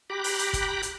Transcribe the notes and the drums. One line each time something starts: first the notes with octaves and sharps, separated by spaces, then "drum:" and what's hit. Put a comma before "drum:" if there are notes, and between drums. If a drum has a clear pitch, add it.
G4 G5 A#5 B5 D6 F#6
drum: open hi-hat
drum: hi-hat
drum: kick, hi-hat
drum: hi-hat